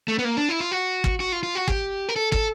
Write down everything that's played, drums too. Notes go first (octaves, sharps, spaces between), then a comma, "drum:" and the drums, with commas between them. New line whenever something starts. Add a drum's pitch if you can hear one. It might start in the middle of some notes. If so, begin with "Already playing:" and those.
A3
B3
A#3
D4
E4
F4
F#4
drum: kick
F#4
F4
F4
F#4
G4, drum: kick
A#4
A4
A4, drum: kick